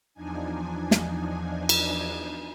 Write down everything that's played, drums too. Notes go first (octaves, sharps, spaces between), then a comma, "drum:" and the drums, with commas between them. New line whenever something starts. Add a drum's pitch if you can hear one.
E2 F3 D4 D#4 G#5
drum: snare
drum: cymbal